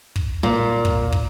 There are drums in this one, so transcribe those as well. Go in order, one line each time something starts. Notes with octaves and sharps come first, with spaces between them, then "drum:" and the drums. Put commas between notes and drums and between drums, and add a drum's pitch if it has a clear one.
drum: kick
A#2
drum: kick
drum: kick